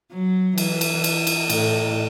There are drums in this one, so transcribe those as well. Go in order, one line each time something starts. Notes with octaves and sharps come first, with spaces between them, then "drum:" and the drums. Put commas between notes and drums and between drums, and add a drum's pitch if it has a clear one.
F#3
E3, drum: cymbal
drum: cymbal
drum: cymbal
drum: cymbal
A2, drum: cymbal